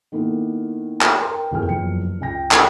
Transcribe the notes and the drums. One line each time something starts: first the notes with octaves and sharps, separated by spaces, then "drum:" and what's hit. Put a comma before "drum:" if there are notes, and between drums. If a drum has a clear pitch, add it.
D#3 A#3 B3 E4 A4
drum: clap
A#4 B4 G5 A#5 C6
F#1 E2 A3 G#4 G5 F6
F#1 E2 F3 F#3 C#7
C#2 G5 A#6
drum: clap